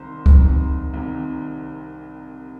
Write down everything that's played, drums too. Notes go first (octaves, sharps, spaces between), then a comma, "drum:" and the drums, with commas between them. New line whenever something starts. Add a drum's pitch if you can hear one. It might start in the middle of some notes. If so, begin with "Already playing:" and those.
Already playing: C2 C3 D#3 C5
C2 C3 D#3, drum: kick C#2
C2 C3 D#3